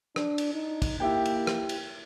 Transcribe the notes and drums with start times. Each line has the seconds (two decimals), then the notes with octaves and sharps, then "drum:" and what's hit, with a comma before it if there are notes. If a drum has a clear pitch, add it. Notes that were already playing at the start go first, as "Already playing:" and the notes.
0.16 D4, drum: rim click
0.38 drum: cymbal
0.54 D#4
0.82 drum: kick, cymbal
1.00 A#3 E4 G4 G5
1.26 drum: cymbal
1.47 drum: rim click
1.69 drum: cymbal